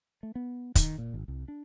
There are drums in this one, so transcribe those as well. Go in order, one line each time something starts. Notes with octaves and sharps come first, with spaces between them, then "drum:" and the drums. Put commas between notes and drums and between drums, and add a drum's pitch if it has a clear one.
A3
B3
D#3, drum: kick, hi-hat
A#2
G#1
C2
D4